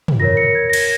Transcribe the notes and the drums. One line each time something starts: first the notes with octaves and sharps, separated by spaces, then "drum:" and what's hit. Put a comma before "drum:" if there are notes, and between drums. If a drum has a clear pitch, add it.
drum: tom
F4 A#4 C#5 A#6
C#7
G#6
A#6
G#6, drum: cymbal